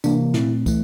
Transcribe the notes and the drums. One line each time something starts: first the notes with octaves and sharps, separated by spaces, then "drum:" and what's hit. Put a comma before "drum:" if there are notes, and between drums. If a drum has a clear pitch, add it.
C3 E3 A#3 D4, drum: tambourine
A#2 A3 C4 E4, drum: snare
E3 A3, drum: kick, tambourine